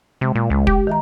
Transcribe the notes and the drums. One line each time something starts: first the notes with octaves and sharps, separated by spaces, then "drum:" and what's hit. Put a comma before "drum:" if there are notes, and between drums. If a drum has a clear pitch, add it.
C3 G#3
A#2
C#2 G#3
G4, drum: kick
D#3 E5 A#5